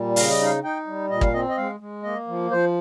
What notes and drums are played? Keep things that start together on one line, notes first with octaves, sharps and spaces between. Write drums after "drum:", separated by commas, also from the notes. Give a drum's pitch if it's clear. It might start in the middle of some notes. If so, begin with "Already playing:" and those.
Already playing: A#2 G3
C#3 F5, drum: open hi-hat
D#5
D#4 F5
D#4 G5
G3
A#2 D#5
F5, drum: kick
C4 D#5
D#5
G#3 F5
G#3
A#3 D#5
F3
F3 C5